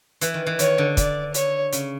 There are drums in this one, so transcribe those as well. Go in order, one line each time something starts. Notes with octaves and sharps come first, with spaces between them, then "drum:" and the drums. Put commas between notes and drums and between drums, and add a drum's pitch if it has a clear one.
E3, drum: hi-hat
D#3
E3
D#3 C#5, drum: hi-hat
D3
D5, drum: kick, hi-hat
C#5, drum: hi-hat
C#3, drum: hi-hat